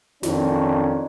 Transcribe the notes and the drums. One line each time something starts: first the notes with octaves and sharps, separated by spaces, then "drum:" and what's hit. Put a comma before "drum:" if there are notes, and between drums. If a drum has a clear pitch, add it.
F2 D#3 C#4 D4, drum: snare